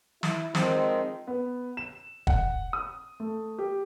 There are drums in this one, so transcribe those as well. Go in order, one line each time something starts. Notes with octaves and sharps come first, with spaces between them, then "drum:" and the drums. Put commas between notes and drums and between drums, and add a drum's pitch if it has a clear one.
E4, drum: snare
D#3 F3 G#3 C4, drum: snare
B3
E7
F#5, drum: kick
D#6
A3
G4